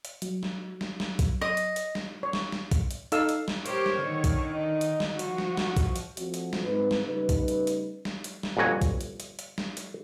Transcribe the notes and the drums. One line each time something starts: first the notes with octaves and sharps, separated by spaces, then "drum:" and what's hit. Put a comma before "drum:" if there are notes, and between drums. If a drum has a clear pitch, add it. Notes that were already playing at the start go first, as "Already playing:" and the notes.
drum: hi-hat
F#3, drum: hi-hat
drum: snare
drum: snare
drum: snare
drum: kick A#1, hi-hat
D#5
drum: hi-hat
drum: hi-hat
drum: snare
C#5
drum: snare
drum: snare
drum: kick A#1, hi-hat
drum: hi-hat
D#4 A4 F5 E6, drum: hi-hat
drum: hi-hat
drum: snare
G4 A#4 C5 C#5, drum: hi-hat
drum: snare
D3 D#3
drum: kick A#1, hi-hat
D#4
drum: hi-hat
drum: snare
F3 F#4, drum: hi-hat
drum: snare
drum: snare
drum: kick A#1, hi-hat
drum: hi-hat
F3 A3 C4 F#4, drum: hi-hat
drum: hi-hat
drum: snare
G#2 C4 D#4 B4
drum: snare
C#3 G3 A3 D#4 B4
drum: kick A#1, hi-hat
drum: hi-hat
drum: hi-hat
drum: snare
drum: hi-hat
drum: snare
G1 F2 A#2 F#4 G#5
drum: kick A#1, hi-hat
drum: hi-hat
drum: hi-hat
drum: hi-hat
drum: snare
drum: hi-hat